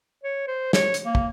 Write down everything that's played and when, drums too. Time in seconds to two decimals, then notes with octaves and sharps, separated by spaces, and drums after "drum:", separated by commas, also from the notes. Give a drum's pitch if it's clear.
0.23 C#5
0.47 C5
0.73 C#5, drum: snare
0.94 drum: hi-hat
1.05 A#3
1.15 drum: kick